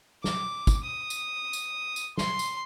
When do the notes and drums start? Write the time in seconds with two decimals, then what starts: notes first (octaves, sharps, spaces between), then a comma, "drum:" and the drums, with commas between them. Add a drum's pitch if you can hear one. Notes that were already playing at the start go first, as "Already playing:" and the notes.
0.24 D6, drum: snare
0.67 drum: kick, tambourine
0.84 D#6
1.10 drum: tambourine
1.53 drum: tambourine
1.96 drum: tambourine
2.17 C6, drum: snare
2.39 drum: tambourine